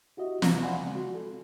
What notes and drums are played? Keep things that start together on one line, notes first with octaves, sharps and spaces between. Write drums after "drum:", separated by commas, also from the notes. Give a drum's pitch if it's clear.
E4 F#4 G4 D#5 E5
C3, drum: snare
D5 F5 F#5 G#5 B5 C6
C#3 G#3 C4
F#4
A4